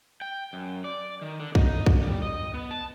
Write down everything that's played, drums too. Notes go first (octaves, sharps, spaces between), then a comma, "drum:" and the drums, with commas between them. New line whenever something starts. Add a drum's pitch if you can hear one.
G5
F#2
D5
D#3
D3
D#4, drum: kick B1
drum: kick B1
G3
D#5
B3
A5